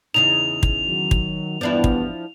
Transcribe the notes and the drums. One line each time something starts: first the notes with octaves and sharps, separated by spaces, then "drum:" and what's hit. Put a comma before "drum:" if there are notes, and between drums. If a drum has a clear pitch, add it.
E2 C#3 D#4 F7
drum: kick
D#3 F#3
drum: kick
E2 G2 F3 B3 D4 E4
drum: kick